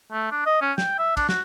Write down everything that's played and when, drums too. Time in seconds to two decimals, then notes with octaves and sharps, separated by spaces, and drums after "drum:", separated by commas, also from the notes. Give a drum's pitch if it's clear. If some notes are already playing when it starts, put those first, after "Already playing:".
0.12 A3
0.32 D4
0.46 D#5
0.62 C#4
0.78 G5, drum: snare
0.99 E5
1.17 D4, drum: kick, cymbal
1.29 F#4, drum: snare